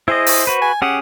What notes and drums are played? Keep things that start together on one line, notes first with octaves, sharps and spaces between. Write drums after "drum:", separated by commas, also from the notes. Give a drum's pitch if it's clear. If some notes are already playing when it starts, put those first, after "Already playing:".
E4 G#4 C5 D#5
drum: open hi-hat
F#4 B4
G#5
C#4 G4 G#4 F#5